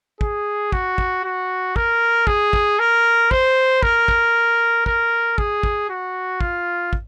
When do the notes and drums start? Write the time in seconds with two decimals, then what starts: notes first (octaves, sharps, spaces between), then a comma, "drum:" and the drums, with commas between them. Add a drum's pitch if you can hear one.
0.21 G#4, drum: kick
0.72 F#4, drum: kick
0.98 drum: kick
1.24 F#4
1.76 A#4, drum: kick
2.27 G#4, drum: kick
2.53 drum: kick
2.79 A#4
3.31 C5, drum: kick
3.83 A#4, drum: kick
4.08 drum: kick
4.86 A#4, drum: kick
5.38 G#4, drum: kick
5.63 drum: kick
5.90 F#4
6.41 F4, drum: kick
6.93 drum: kick